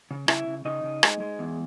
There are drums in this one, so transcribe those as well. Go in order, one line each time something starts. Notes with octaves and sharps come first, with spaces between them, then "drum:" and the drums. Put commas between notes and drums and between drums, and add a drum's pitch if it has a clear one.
C#3
C#3 E4 E5, drum: rim click
C#3
C#3 D#4 D#5
C#3
G#3, drum: rim click
G#3
E2